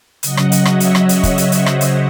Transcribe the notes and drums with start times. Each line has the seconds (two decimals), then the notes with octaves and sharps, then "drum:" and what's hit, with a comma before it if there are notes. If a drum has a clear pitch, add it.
0.23 C#3 F#3 D#5 F#5, drum: hi-hat
0.37 drum: rim click
0.52 drum: hi-hat
0.65 C#5 E5, drum: rim click
0.80 drum: hi-hat
0.95 drum: rim click
1.09 drum: hi-hat
1.23 drum: kick, hi-hat
1.38 drum: hi-hat
1.52 C5 D#5, drum: hi-hat
1.66 drum: rim click
1.81 drum: hi-hat